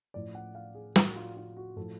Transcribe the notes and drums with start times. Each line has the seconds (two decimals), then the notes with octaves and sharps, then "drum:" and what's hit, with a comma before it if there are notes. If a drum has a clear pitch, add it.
0.14 A2 F3 D5
0.35 F#5
0.55 F5
0.75 G#4
0.96 A2 F3 F#4, drum: snare
1.16 F4
1.37 F4
1.57 F#4
1.76 A2 F3 A4